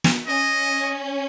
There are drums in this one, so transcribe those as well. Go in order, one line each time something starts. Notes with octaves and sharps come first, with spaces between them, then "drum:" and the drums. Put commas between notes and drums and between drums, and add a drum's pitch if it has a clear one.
drum: snare
C#4 D#5